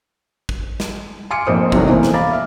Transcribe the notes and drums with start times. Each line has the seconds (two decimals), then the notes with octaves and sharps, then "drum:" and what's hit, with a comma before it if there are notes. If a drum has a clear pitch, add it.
0.49 drum: kick
0.80 drum: snare
1.31 G#5 C6 D6 F6 C#7 D7
1.46 F1 F2 A#2 C5 D#6
1.72 C2 C3 D#3 F#3 A3, drum: kick
1.88 B2 E3 A#3 C4
2.03 drum: snare
2.14 F5 A#5 B5 D6 A6
2.31 E5 F6